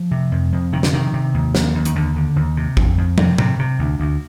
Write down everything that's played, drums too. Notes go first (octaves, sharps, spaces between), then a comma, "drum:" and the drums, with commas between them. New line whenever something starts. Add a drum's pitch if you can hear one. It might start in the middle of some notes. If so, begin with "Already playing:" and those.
Already playing: F3
C3
F2
F2
C3 D#3
D3, drum: snare
C3 D#3
C3
D#2
D#2, drum: snare
D#2
D#3, drum: hi-hat
D#2 D3
D3
D#2
C3
F2, drum: kick A1
F2
C3, drum: tom
C3, drum: tom A2
C3
D2
D2